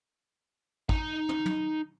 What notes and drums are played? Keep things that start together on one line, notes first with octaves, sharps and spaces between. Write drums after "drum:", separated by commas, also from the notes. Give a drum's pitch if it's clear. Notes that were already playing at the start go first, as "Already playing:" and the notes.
D#4 A#5, drum: kick
drum: tom
drum: tom